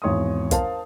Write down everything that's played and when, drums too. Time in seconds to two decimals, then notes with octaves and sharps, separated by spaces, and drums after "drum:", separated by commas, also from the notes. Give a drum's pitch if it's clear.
0.02 G#1 E2 C#5 C6 D#6
0.51 A#4 C5 F5 A5, drum: kick, hi-hat